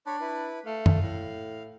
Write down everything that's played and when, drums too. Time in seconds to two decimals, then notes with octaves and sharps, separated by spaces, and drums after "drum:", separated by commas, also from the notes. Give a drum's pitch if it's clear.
0.06 D4 C#5 B5
0.20 E4 B4
0.66 A3 F5
0.86 drum: tom F#2
1.02 A2